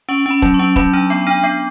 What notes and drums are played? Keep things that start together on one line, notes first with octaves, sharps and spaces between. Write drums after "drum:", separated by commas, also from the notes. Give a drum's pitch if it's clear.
C#4 C#6
C#4 B5
F#3, drum: kick E1
C#6
C#4
F#3 B5, drum: kick E1
D4
B3
D4
B3